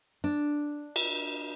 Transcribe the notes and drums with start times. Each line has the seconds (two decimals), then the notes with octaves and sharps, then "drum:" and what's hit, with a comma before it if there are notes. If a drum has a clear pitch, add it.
0.24 D4
0.96 drum: cymbal